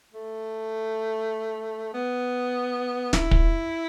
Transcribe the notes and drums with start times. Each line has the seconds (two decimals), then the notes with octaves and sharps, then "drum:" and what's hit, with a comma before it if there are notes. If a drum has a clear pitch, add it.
0.13 A3
1.94 B3
3.13 E4, drum: snare
3.31 drum: kick